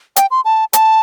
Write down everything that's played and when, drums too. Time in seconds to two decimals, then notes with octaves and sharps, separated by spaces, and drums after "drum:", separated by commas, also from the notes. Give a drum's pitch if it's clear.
0.16 G5, drum: hi-hat
0.31 C6
0.45 A5
0.73 A5, drum: hi-hat